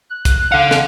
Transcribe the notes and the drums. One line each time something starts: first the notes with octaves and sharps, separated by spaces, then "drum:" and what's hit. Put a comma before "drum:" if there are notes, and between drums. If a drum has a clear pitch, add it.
F#6
drum: kick, hi-hat
A4 F5 F#5
drum: snare